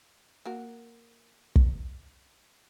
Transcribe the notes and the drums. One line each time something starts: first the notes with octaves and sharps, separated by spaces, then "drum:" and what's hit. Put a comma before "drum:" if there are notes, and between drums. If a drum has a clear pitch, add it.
A#3 F#4 A#4
drum: kick